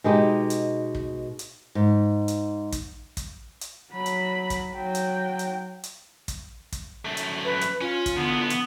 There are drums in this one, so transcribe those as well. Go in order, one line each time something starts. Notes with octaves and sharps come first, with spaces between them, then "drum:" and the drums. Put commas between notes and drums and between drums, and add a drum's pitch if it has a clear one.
B2 G#3 D#4 G4
drum: hi-hat
drum: kick
drum: hi-hat
G#2
drum: hi-hat
drum: kick, hi-hat
drum: kick, hi-hat
drum: hi-hat
F#3 B5
drum: hi-hat
drum: kick, hi-hat
F#3 G5
drum: hi-hat
drum: hi-hat
drum: hi-hat
drum: kick, hi-hat
drum: kick, hi-hat
F#2 A3
drum: hi-hat
B4
drum: hi-hat
C#4 F4
drum: kick, hi-hat
D3 E3 B3
drum: hi-hat